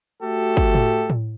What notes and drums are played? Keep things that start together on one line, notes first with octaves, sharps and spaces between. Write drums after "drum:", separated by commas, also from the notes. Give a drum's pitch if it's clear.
A3 F#4 G4 A4
drum: kick
drum: tom A2
drum: tom A2